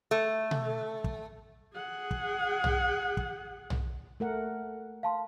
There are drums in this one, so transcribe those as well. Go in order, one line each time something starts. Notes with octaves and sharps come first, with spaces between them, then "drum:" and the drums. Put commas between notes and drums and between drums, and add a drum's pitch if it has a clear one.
A3
drum: tom B2
drum: kick
G#4 F#5
drum: kick
drum: tom
drum: kick
drum: tom
A3 A#4 F#5
F5 A5 C6